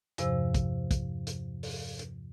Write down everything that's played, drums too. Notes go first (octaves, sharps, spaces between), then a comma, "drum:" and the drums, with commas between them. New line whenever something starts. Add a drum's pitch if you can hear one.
E2 G2 C3 F3 C5 E6, drum: hi-hat
drum: kick, hi-hat
drum: kick, hi-hat
drum: hi-hat
drum: open hi-hat
drum: hi-hat